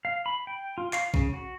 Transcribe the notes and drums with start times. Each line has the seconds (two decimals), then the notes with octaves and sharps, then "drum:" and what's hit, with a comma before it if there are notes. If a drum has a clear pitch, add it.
0.05 F5
0.26 B5
0.47 G5
0.78 F4
0.93 F5, drum: clap
1.14 C#3, drum: kick A#1
1.33 F#4